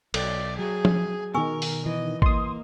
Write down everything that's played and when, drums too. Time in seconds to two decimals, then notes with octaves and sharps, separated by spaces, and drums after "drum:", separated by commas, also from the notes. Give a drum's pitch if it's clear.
0.14 B1 A4 D5, drum: cymbal
0.59 F#3 G#4
0.85 drum: tom F3
1.34 B2 D#3 A#4 G#5 C#6 E6
1.62 drum: open hi-hat
1.86 E3 D#5
2.22 A#3 D#5 C6 D#6, drum: kick